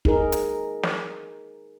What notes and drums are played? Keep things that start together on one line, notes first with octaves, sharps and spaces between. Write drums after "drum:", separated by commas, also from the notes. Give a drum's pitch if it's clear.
D#4 G#4 A#4, drum: kick
drum: hi-hat
drum: snare